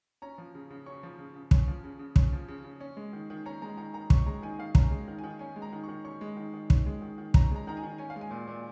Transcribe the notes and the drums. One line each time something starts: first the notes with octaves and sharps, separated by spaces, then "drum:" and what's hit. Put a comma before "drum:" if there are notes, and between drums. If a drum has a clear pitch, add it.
C#4 A#5
F3
C#3
C#3
C#4 C#6
F3
C#3
C#3
C#4, drum: kick
F3
C#3
C#3
C#4, drum: kick
F3
C#3
C#3
C#4
G#3
D#3
D#3
C#4 A#5
G#3 A#5
D#3 A#5
D#3 A#5
C#4 C#6, drum: kick
G#3 A#5
D#3 G#5
D#3 F5
C#4 A#5, drum: kick
G#3
D#3
D#3 G#5
C#4 G#5
G#3
A#5
D#3
D#3 C#6
C#4 C#6
G#3
D#3
D#3
C#4, drum: kick
G#3
D#3
D#3
C#4 A#5, drum: kick
G#3 A#5
D#3 A#5
G#5
D#3
C#4 G#5
F5
G#3
G#5
A#2
A#2